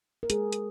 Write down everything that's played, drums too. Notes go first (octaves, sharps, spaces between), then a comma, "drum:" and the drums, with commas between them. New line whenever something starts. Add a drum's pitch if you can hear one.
A#4
G#3 G#4, drum: hi-hat
drum: hi-hat